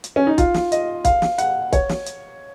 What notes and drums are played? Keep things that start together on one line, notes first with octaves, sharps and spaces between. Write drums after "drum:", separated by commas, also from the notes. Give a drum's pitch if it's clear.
drum: hi-hat
C#4
D#4
F4, drum: kick, hi-hat
drum: snare
D#5, drum: hi-hat
F5, drum: kick, hi-hat
drum: snare
F#5, drum: hi-hat
C#5, drum: kick, hi-hat
drum: snare
drum: hi-hat